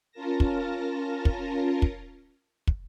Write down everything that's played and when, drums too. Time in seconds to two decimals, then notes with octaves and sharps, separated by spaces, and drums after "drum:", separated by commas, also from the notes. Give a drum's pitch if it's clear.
0.12 C#4 F4 A#4 A5 A#6
0.40 drum: kick
1.25 drum: kick
1.82 drum: kick
2.67 drum: kick